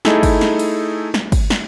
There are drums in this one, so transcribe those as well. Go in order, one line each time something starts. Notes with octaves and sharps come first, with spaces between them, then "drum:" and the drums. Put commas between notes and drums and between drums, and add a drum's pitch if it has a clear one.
A3 D#4 E4 G#4 A4, drum: snare
drum: kick, cymbal
drum: snare
drum: cymbal
drum: snare
drum: kick, cymbal
drum: snare